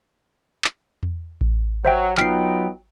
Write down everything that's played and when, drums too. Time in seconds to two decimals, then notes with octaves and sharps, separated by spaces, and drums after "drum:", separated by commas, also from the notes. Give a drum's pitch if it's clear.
0.64 drum: clap
1.03 drum: tom E2
1.41 drum: kick A1
1.85 F#3 C5 E5 G5
2.17 F#3 B3 D#4 F4 G5 F6 B6 C7, drum: clap